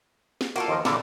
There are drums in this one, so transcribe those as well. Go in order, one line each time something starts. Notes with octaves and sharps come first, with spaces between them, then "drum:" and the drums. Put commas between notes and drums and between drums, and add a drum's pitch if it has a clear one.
drum: snare
A#3 F4 F#4 A4 A#4
D#2 F3 A#4
A#2 D3 E3 A#3 A5, drum: snare